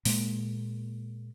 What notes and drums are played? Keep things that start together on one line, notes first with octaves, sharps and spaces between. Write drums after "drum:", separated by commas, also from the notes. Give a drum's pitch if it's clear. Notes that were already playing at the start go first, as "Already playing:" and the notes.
A#2 G#3 A#3, drum: open hi-hat